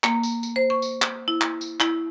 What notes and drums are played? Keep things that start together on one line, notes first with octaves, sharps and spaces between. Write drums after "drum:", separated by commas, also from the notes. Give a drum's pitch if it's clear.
A#3, drum: clap
drum: tambourine
drum: tambourine
C5
C#6
drum: tambourine
drum: clap
E4
drum: clap
drum: tambourine
E4, drum: clap